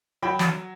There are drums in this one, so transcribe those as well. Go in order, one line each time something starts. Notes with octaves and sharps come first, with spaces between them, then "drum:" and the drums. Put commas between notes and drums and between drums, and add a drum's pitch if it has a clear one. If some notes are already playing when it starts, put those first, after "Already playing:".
F#3 G5 B5
drum: snare